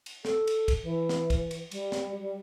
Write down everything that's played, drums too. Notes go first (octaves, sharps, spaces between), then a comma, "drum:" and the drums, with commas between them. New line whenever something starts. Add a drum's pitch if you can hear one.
drum: cymbal
A4, drum: snare
drum: cymbal
drum: kick, cymbal
E3
drum: snare
drum: kick, cymbal
drum: cymbal
G3, drum: cymbal
drum: snare
G3